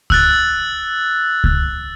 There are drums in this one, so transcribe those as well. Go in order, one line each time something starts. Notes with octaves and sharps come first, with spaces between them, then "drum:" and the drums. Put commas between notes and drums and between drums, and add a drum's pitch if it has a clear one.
E6 F#6 A6, drum: kick C#2
drum: kick C#2